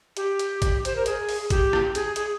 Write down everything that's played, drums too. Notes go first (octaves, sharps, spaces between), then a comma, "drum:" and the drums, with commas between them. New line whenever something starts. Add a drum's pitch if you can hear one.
G4, drum: hi-hat
drum: hi-hat
drum: kick, hi-hat
C5, drum: hi-hat
A#4
G#4, drum: hi-hat
drum: open hi-hat
G4, drum: kick, hi-hat
drum: rim click
G#4, drum: hi-hat
G#4, drum: hi-hat